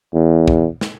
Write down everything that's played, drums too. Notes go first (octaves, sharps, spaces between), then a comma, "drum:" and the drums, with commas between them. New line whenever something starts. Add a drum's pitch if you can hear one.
E2
drum: kick
drum: snare